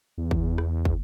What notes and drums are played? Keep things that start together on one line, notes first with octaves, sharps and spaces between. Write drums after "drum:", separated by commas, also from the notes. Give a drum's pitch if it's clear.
E2
drum: kick
drum: rim click
drum: kick